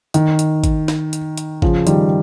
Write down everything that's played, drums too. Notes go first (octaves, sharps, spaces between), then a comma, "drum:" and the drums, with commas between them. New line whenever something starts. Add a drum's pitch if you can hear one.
D#3, drum: hi-hat
drum: hi-hat
drum: kick, hi-hat
drum: snare
drum: hi-hat
drum: hi-hat
C#3 F3, drum: kick
D#3 G3, drum: hi-hat